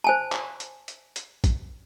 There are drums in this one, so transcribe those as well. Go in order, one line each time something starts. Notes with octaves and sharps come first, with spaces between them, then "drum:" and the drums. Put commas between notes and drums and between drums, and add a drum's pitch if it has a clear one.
C5 G#5 A5
drum: clap
drum: hi-hat
drum: hi-hat
drum: hi-hat
drum: kick, hi-hat